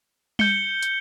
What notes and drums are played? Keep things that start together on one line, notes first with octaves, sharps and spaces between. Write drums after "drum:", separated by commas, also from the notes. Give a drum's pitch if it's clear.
G6 C#7 G7, drum: tom G3
drum: hi-hat